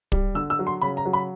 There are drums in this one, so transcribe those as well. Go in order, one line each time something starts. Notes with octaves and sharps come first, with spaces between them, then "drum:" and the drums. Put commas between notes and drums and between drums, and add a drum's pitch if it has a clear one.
G3, drum: kick
D3 E6
E6
F#3
C6
C#3 B5
A#5
F#3
B5